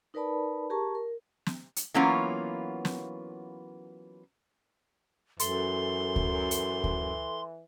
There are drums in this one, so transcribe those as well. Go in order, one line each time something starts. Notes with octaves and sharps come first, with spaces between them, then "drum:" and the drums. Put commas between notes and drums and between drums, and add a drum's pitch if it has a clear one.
D#4 A#4 B4 D5 A5 B5
G4 G#4 A#4 A5 A#5 C#6
A#4
drum: snare
drum: hi-hat
E3 F#3 A#3 B3 C#4 F4
drum: snare
F#2 E3 A4 C6, drum: hi-hat
drum: kick D2
drum: hi-hat
drum: kick D2